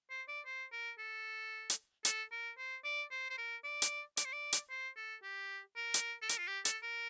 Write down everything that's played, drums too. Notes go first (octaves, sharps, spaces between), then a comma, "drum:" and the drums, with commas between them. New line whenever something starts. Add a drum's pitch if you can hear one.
C5
D5
C5
A#4
A4
drum: hi-hat
A4, drum: hi-hat
A#4
C5
D5
C5
C5
A#4
D5
drum: hi-hat
D5, drum: hi-hat
C5
D5
drum: hi-hat
C5
A4
G4
A#4
drum: hi-hat
A4
A#4, drum: hi-hat
F4
G4
A4, drum: hi-hat
A#4